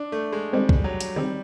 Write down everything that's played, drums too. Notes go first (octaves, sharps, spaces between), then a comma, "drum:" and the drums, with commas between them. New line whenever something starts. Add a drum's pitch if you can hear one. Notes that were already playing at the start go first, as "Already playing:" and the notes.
Already playing: D4
A3
G#3
D#3 G3 G#3 C4
drum: kick
F#3
drum: hi-hat
D#3 G3 G#3 C4